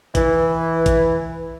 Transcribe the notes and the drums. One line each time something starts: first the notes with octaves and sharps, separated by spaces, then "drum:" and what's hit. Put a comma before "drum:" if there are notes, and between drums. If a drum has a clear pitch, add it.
E3, drum: kick, hi-hat
drum: kick, hi-hat